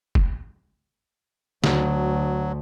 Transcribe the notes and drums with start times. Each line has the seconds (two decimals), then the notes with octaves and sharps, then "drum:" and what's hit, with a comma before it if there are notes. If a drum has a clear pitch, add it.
0.15 drum: kick
1.64 D2 F#3, drum: snare